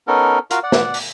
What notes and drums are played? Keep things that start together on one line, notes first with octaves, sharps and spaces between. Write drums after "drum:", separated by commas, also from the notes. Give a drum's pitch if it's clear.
B3 C#4 D#4 A4 A#4
F4 F#4 A#4 F5, drum: hi-hat
D5 F#5
drum: snare
drum: open hi-hat